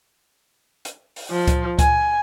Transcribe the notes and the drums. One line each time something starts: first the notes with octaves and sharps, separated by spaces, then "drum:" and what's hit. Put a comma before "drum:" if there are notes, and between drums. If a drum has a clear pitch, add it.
drum: hi-hat
drum: open hi-hat
F3
drum: kick C#2, hi-hat
G#5, drum: kick C#2, hi-hat